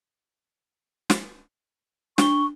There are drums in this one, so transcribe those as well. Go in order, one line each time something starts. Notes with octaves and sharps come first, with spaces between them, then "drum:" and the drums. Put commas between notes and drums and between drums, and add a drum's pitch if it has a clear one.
drum: snare
D4 C#6 G7, drum: snare